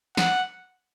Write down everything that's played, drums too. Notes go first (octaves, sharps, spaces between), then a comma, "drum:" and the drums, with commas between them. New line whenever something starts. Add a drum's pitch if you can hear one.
F#5, drum: snare